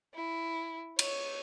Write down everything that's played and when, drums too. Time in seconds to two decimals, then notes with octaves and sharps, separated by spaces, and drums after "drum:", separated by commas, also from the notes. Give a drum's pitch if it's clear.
0.14 E4
0.99 C#5, drum: cymbal